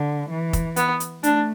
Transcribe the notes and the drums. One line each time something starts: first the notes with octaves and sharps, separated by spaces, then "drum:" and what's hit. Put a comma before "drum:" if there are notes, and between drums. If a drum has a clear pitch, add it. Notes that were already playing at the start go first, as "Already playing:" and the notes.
Already playing: D3
E3
drum: kick, hi-hat
B3, drum: hi-hat
drum: hi-hat
A3 D4, drum: hi-hat